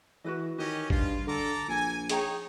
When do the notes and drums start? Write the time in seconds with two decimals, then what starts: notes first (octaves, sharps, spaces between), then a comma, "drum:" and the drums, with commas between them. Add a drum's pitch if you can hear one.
0.24 E3 F#4 B4 D#5
0.58 D#3 C#4 F#4 G4 D#5
0.90 G2 F4, drum: kick
1.27 D3 A4 A#5 D6
1.68 A#1 G#5
2.09 D#4 G#4 C#5 G5 A#5, drum: hi-hat